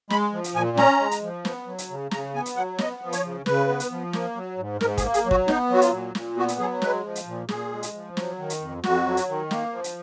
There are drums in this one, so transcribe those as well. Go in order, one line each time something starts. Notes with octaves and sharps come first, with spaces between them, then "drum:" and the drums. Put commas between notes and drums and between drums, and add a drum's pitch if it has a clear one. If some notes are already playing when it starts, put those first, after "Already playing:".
G#3 B5, drum: snare
F3
drum: hi-hat
A#2 G#5
C#4 A#5, drum: snare
G#3
drum: hi-hat
F3
B3, drum: snare
F#3
drum: hi-hat
C#3
C#3 A#5, drum: snare
B3 G#5
drum: hi-hat
F#3 F#5
B3 D#5, drum: snare
F3
C#5, drum: hi-hat
C#3
C#3 B4, drum: snare
B3
drum: hi-hat
F3
A#3, drum: snare
F#3
G#2
G#2 A#4, drum: snare
G#4, drum: kick, hi-hat
A#3
G#4, drum: hi-hat
F#3
F#4, drum: kick
B3 D#4, drum: snare
F#3 F#4
F4, drum: hi-hat
A#2
A#2, drum: snare
B3 F#4
drum: hi-hat
F#3 G#4
G#3 B4, drum: snare
F3
drum: hi-hat
A#2
A#2 G#4, drum: snare
G#3
drum: hi-hat
F3
F#3, drum: snare
D#3
drum: hi-hat
F2
F2 F#4, drum: snare
F#3
drum: hi-hat
D#3
A#3, drum: snare
F3
drum: hi-hat